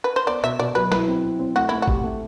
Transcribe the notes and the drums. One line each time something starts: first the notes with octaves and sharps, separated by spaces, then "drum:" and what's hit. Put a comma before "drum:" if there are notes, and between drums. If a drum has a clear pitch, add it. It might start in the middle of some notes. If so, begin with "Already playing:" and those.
B4
C5
B3 D5
B2 E5
B2 D5
F#3 B4
E4 B4, drum: snare
C4
E4
C4
A3 F#4
A3 E4
F#4
G4, drum: kick G#1
A3